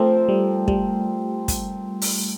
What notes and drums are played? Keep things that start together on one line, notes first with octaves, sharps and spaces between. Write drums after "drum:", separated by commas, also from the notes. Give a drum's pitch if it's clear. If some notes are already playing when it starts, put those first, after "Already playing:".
Already playing: F3 A3 C4 F4 A#4
G3
G3, drum: kick
drum: kick, hi-hat
drum: open hi-hat